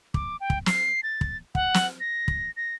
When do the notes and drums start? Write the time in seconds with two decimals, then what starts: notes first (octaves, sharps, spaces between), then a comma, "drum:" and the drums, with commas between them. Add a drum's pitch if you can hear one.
0.14 D6, drum: kick
0.41 G5
0.50 drum: kick
0.66 C7, drum: snare
1.03 A6
1.21 drum: kick
1.55 F#5, drum: kick
1.74 drum: snare
2.00 A#6
2.28 drum: kick
2.56 A#6